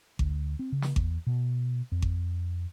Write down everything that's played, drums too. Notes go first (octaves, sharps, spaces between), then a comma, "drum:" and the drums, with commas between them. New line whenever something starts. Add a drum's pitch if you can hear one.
D2, drum: kick G#1
C4
C#3
drum: snare
E2, drum: kick G#1
B2
F2
drum: kick G#1